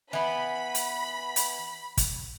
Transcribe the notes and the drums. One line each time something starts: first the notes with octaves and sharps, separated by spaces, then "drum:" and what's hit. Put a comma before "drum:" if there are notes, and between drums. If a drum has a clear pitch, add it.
E3 B3 B5
drum: hi-hat
drum: hi-hat
drum: kick, hi-hat